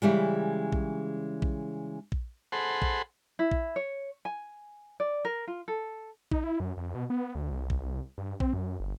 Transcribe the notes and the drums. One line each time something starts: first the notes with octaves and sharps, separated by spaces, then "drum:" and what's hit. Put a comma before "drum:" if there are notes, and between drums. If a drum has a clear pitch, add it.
C#3 E3 G3 G#3
drum: kick A#1
drum: kick A#1
drum: kick A#1
G#4 A4 C5 F#5 B5 C6
drum: kick A#1
E4
drum: kick A#1
C#5
G#5
D5
A#4
F4
A4
D#4, drum: kick A#1
E4
F#2
F2
B2
B3
D2
C2
drum: kick A#1
G2
C4, drum: kick A#1
F#2
G1